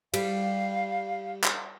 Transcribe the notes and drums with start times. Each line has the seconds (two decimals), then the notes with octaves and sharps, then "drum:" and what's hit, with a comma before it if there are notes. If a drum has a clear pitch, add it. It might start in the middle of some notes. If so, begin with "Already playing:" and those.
0.14 G3 F5, drum: cymbal
1.44 drum: clap